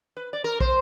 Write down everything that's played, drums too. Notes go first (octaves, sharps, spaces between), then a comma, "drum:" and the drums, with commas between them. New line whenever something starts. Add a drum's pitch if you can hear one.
B4
D5
A#4
C5, drum: kick